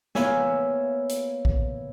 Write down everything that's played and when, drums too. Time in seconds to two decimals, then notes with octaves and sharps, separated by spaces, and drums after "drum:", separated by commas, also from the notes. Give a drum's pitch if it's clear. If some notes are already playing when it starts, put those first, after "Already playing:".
0.15 A#3 B3 C#5 E5 F5 G#5, drum: snare
1.09 drum: hi-hat
1.45 drum: kick